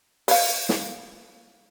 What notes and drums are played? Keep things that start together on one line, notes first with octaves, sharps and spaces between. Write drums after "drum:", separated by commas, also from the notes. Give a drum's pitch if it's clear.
B4 C#5 F5, drum: open hi-hat
drum: snare